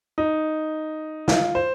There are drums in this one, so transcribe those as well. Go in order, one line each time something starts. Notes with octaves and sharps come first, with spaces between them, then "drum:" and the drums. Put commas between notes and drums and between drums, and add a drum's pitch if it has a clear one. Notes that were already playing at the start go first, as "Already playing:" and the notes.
D#4
F4, drum: snare
C5